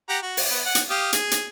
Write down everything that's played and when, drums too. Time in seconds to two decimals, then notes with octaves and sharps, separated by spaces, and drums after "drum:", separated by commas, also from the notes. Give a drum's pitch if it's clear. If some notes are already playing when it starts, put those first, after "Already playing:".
0.09 G4 F#5 A#5
0.22 F#4
0.37 drum: open hi-hat
0.50 B3
0.66 F#5
0.75 drum: hi-hat
0.90 G4 F5 D#6
1.13 G#4, drum: hi-hat
1.31 drum: hi-hat